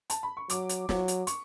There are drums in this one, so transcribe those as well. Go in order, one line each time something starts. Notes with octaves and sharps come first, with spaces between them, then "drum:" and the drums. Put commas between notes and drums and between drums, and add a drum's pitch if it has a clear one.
A5, drum: hi-hat
B5
C#6
F#3 D6, drum: hi-hat
drum: hi-hat
F#3, drum: snare
drum: hi-hat
C#6, drum: hi-hat